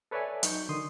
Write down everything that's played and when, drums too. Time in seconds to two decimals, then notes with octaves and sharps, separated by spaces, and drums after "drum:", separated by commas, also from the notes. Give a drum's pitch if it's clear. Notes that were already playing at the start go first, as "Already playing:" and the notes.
0.11 A4 B4 C#5 D5 E5 G#5
0.43 F#3 D#4 C#6 G6, drum: hi-hat
0.69 D3 D#3 C6 D#6